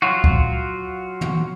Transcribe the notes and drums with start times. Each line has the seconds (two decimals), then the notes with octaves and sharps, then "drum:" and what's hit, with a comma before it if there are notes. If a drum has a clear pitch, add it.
0.02 F#3 F4 F#4
0.24 drum: kick C#2
1.21 drum: tom